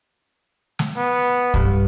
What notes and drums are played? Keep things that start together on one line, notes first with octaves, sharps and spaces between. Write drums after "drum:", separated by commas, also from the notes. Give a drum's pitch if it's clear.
drum: snare
B3
G2, drum: kick